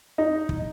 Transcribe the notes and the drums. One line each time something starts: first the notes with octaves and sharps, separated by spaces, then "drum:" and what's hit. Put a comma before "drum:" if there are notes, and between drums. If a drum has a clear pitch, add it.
D#4
drum: kick